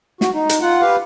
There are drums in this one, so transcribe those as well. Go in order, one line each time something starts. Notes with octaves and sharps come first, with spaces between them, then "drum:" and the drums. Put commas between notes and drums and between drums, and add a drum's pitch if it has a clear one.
F#4, drum: snare
D#4
drum: hi-hat
F4 F#5
G4 B4 F5